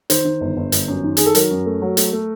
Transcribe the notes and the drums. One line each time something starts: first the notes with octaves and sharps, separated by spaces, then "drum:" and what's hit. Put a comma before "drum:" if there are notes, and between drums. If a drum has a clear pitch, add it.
D#3 C5, drum: hi-hat
D#3
G1
G1
G1, drum: hi-hat
F#2
D#3
D#3 G#4, drum: hi-hat
A4
F#3 A#4, drum: hi-hat
F#2
A3
F#3
A3, drum: hi-hat
A3